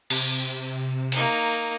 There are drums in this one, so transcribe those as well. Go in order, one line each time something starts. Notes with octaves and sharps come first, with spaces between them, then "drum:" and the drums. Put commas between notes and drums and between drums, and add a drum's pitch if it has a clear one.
C3, drum: cymbal
A#3 D#4, drum: hi-hat